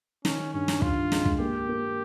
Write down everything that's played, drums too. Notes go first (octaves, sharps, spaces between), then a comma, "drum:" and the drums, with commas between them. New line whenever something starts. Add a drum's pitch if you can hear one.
D#3 C#4, drum: snare
G2 C#4
drum: snare
G2 F4, drum: kick
G#3, drum: snare
drum: kick
A#3 G4
A#3